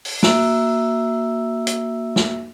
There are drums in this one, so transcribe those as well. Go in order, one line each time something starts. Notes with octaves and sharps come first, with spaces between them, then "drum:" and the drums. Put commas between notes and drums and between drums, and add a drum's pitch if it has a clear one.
drum: open hi-hat
A#3 F#4 E5 E6, drum: snare
drum: hi-hat
drum: snare